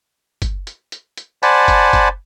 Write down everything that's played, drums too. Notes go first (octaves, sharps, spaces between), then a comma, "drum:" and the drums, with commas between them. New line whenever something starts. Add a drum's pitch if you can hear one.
drum: kick, hi-hat
drum: hi-hat
drum: hi-hat
drum: hi-hat
C5 D5 F#5 G#5 A5 B5, drum: hi-hat
drum: kick, hi-hat
drum: kick, hi-hat